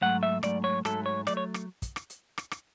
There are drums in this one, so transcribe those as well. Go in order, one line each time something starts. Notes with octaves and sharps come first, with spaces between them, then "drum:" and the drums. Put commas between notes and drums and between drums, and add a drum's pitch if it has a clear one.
G#2 F#3 A3 F#5
E5
G#2 F#3 A3 D5, drum: rim click
C#5
G#2 F#3 A3 A4, drum: rim click
C#5
F#3 A3 D5, drum: rim click
C#5
drum: rim click
drum: kick, hi-hat
drum: rim click
drum: hi-hat
drum: rim click
drum: rim click